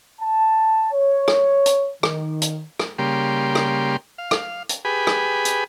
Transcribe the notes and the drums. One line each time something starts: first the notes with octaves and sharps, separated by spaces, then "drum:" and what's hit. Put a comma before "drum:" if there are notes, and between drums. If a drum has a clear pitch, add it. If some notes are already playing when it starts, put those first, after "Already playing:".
A5
C#5
drum: rim click
drum: hi-hat
D#3, drum: rim click
drum: hi-hat
drum: rim click
C#3 G3 A#3 G4 C6
drum: rim click
F5
drum: rim click
drum: hi-hat
G4 G#4 B4 G#5 B5
drum: rim click
drum: hi-hat